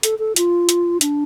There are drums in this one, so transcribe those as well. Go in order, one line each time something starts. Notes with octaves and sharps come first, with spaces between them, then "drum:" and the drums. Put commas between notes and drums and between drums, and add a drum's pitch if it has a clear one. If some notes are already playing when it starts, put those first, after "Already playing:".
A4, drum: hi-hat
A4
F4, drum: hi-hat
drum: hi-hat
D4, drum: hi-hat